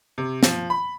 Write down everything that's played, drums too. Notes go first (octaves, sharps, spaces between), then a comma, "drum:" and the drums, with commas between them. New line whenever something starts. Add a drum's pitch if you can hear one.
C3
F3, drum: snare
B5